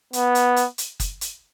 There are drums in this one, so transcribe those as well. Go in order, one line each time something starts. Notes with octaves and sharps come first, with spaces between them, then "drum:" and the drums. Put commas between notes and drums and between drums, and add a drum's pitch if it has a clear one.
B3, drum: hi-hat
drum: hi-hat
drum: hi-hat
drum: hi-hat
drum: kick F#1, hi-hat
drum: hi-hat